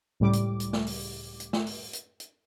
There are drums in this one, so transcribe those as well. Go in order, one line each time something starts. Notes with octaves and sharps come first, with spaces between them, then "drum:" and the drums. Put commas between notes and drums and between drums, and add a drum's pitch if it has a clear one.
C#2 A2 G3 D6
drum: hi-hat
drum: hi-hat
drum: snare
drum: open hi-hat
drum: hi-hat
drum: snare
drum: open hi-hat
drum: hi-hat
drum: hi-hat